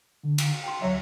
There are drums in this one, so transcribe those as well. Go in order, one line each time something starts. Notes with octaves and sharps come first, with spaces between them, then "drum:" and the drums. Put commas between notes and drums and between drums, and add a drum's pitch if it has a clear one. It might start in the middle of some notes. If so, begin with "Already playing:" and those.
D3
drum: cymbal
G5 C6
D2 F#3 E5